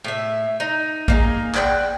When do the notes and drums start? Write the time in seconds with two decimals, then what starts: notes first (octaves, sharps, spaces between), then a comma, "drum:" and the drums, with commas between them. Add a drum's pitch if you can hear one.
0.04 A2 E5
0.60 D#4
1.08 A#3 D#4 G#4, drum: kick A1
1.55 D5 F#5 G5, drum: clap